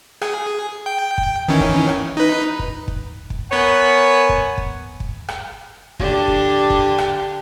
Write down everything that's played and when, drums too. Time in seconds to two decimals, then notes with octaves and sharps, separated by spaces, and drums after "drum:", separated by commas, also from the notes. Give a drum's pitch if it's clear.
0.22 G#4, drum: rim click
0.86 G5
1.18 drum: kick
1.48 D#3 E3 C#4
1.60 drum: kick
1.89 drum: rim click
2.17 D#4 B4
2.59 drum: kick
2.88 drum: kick
3.30 drum: kick
3.52 B3 A#4 C#5 F#5 G#5
4.29 drum: kick
4.58 drum: kick
5.00 drum: kick
5.28 drum: rim click
5.99 D3 D4 G4, drum: kick
6.28 drum: kick
6.70 drum: kick
6.98 drum: rim click